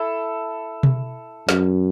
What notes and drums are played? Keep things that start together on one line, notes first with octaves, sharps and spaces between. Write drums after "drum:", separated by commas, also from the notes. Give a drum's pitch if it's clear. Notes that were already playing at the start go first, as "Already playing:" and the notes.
Already playing: E4 A4
drum: tom B2
F#2, drum: snare